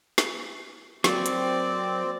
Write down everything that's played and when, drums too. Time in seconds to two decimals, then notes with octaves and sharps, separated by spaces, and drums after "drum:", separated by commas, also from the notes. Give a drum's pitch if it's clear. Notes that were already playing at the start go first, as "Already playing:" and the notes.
0.18 drum: snare
1.04 F#3 A#3 C4 D5, drum: snare
1.26 drum: hi-hat